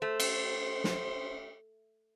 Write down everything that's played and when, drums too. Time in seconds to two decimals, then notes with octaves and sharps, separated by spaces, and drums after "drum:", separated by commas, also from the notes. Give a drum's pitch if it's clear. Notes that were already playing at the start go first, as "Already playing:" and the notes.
0.02 A3 C5
0.20 drum: cymbal
0.84 drum: snare